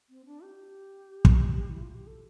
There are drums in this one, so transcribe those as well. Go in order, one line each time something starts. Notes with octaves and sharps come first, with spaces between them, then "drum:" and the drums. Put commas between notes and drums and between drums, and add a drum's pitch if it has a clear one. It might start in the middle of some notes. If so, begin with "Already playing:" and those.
C4
D4
G4
drum: kick
E4
F4
G4
A4